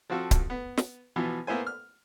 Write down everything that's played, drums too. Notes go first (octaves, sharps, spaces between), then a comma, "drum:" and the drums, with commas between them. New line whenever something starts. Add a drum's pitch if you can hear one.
F3 C4 F4 F#4 A4
drum: kick C#1, hi-hat
B3
drum: snare
B2 E3 F3 B3
A#3 B3 E4 C5 G#5
F6